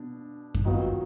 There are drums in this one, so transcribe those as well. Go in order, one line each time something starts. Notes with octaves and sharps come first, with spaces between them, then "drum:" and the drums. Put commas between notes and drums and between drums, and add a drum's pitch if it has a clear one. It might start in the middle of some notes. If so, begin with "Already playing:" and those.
Already playing: B2 D4
drum: kick F#2
D#3 F#3 B3 F4